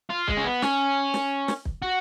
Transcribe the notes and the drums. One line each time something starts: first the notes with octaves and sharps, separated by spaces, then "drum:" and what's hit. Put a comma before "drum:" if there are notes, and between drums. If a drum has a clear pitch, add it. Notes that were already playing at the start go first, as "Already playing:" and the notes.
F4
G#3, drum: kick
C#4
B3
C#4, drum: snare
drum: snare
drum: snare
drum: kick
F#4